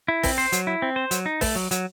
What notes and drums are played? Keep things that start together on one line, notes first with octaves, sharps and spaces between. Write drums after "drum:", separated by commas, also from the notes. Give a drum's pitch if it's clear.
E4
C4, drum: kick, open hi-hat
C5
F#3, drum: hi-hat
E4
C4
C5
F#3, drum: hi-hat
D#4
A3, drum: kick, open hi-hat
F#3
F#3, drum: hi-hat